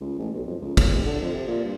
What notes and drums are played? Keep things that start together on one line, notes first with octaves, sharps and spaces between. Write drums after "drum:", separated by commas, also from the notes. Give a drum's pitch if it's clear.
C#2
A1
B1
F2
C#2
C#3, drum: kick, cymbal
F1
D3
F2
C3
A#2
G2